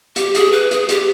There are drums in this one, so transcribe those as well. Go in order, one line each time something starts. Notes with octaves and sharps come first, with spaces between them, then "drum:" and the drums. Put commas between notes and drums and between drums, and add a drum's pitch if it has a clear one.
G4, drum: hi-hat
G#4, drum: hi-hat
B4
G#4, drum: hi-hat
G4, drum: hi-hat